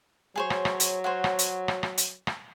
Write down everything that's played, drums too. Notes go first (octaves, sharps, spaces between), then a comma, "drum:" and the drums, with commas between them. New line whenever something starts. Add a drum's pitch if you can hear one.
F#3 G#4 C5 C#5
drum: rim click
drum: rim click
drum: hi-hat
C5 C#5 F#5
drum: rim click
drum: hi-hat
drum: rim click
drum: rim click
drum: hi-hat
drum: rim click